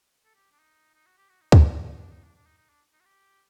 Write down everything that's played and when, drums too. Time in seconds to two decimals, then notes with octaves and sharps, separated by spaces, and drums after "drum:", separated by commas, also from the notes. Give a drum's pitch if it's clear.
0.24 A4
0.35 G4
0.52 D4
0.59 D#4
0.94 D#4
1.06 F#4
1.17 G4
1.29 F#4
1.41 D#4
1.52 D#4, drum: kick
1.91 D#4
2.00 D4
2.12 D#4
2.23 D4
2.35 D4
2.46 D#4
2.57 D#4
2.69 D4
2.93 D#4
3.00 F#4
3.05 G4